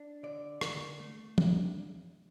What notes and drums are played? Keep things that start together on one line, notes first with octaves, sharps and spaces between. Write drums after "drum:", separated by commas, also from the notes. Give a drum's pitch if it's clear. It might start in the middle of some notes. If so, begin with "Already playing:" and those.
Already playing: D4
D3 D5
D3, drum: rim click
A3
D4, drum: tom